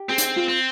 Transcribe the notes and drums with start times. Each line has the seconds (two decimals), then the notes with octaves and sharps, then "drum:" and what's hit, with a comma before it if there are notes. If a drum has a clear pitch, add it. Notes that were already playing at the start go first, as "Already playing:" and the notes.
Already playing: G4
0.09 C4 G#4
0.18 drum: hi-hat
0.36 F4
0.49 C4